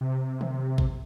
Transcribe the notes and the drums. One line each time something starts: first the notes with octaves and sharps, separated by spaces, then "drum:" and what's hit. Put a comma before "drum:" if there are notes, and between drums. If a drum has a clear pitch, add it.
C3
drum: tom D3
drum: kick